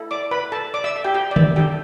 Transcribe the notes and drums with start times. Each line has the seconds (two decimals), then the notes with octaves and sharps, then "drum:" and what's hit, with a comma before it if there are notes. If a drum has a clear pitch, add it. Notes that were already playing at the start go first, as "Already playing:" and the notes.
Already playing: E4 A4
0.11 D5 D6
0.31 B4 B5
0.52 A4 A5
0.74 D5 D6
0.84 E5 E6
0.96 E5
1.04 G4 G5
1.14 G4 G5
1.31 D5
1.36 E5, drum: tom
1.56 D4 G4 A4 G5